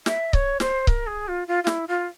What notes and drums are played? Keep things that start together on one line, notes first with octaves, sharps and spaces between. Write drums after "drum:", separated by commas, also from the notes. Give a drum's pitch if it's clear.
E5, drum: snare
C#5, drum: kick C#1
C5, drum: snare
A#4, drum: kick C#1
G#4
F4
F4
F4
E4, drum: snare
F4